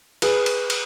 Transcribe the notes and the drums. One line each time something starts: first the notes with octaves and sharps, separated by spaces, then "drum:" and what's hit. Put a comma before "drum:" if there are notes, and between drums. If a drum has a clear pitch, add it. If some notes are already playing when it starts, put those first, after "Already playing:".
G#4 B4, drum: cymbal
drum: cymbal
drum: cymbal